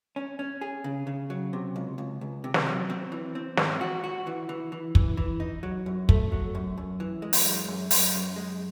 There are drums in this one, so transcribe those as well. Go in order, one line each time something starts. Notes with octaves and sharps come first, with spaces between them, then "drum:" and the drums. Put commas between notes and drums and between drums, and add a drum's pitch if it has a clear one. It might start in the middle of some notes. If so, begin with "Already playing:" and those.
C#4
C#4
G#4
C#3
C#3
F#3
C3
C#2
C#2
C#2
C3
drum: snare
F#3
C4
E3
C4
G#2, drum: snare
F#4
F#4
E3
E3
E3
E3, drum: kick
E3
D#4
F#3
F#2
A3, drum: kick
F#3
F#2
F#2
E3
G#3
drum: open hi-hat
F#2
F#2
F#2, drum: open hi-hat
F#2
G#3